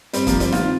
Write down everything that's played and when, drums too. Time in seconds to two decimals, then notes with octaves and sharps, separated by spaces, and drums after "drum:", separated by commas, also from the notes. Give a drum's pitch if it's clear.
0.13 G2 G3 C4, drum: hi-hat
0.27 F3 A#3, drum: kick, hi-hat
0.33 G2
0.40 G3 C4, drum: hi-hat
0.52 D#3 C4 F4, drum: snare